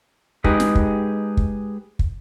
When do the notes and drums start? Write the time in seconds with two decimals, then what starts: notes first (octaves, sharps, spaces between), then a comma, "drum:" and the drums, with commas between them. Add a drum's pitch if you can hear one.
0.44 G#3 D#4 G4 G#4 B4 D#5, drum: kick
0.60 drum: snare
0.75 drum: kick
1.37 drum: kick
1.99 drum: kick